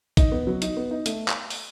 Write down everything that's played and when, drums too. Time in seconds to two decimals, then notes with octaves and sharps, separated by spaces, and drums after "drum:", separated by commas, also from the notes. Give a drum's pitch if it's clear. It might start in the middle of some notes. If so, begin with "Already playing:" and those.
0.17 D#4, drum: kick A1, hi-hat
0.32 B3
0.47 F#3
0.62 D#4, drum: hi-hat
0.77 B3
0.91 D#4
1.06 A3, drum: hi-hat
1.28 drum: clap
1.50 drum: open hi-hat